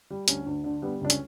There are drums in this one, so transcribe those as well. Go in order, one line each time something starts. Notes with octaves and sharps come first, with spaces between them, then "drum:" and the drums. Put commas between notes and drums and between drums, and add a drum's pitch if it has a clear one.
G3
D2 C#4, drum: hi-hat
D2
D3
G3 B3
C#2 D4
C#4, drum: hi-hat